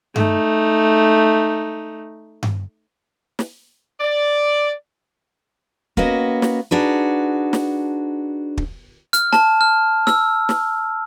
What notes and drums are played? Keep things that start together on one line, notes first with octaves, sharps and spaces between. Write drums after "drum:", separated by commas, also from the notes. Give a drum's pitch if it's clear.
A3 D#4, drum: tom G2
drum: tom G2
drum: snare
D5
A#3 B3 C#4 F#4 D#5, drum: kick
drum: snare
D4 D#4 F#4 G#4 B4
drum: snare
drum: kick
F6, drum: hi-hat
A5, drum: snare
F6
E6, drum: snare
drum: snare